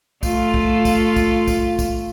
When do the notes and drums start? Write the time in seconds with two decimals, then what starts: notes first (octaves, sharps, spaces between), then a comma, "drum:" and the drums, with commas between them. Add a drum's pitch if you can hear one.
0.23 A3 F4, drum: kick, tambourine
0.54 drum: kick
0.85 drum: kick, tambourine
1.16 drum: kick, tambourine
1.48 drum: kick, tambourine
1.79 drum: kick, tambourine